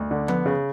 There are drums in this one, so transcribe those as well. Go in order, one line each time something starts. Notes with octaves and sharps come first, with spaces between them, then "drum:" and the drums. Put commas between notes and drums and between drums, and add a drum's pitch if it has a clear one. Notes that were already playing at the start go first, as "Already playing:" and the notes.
Already playing: D2
D3
B3, drum: tom F3
C#3